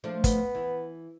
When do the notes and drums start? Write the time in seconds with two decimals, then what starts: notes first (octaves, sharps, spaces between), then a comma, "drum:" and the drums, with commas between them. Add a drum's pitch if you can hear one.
0.04 F3 A3 D4
0.24 B3, drum: kick, hi-hat
0.55 E3